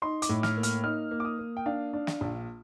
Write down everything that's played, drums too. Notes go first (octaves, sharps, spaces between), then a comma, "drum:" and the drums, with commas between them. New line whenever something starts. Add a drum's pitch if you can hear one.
D#4 C6
D6, drum: hi-hat
A2
F6, drum: snare
A#3
F6, drum: hi-hat
D#4 F6
A#3
D6
D#6
A#3
G5
D4 F5
D4
drum: snare
A#1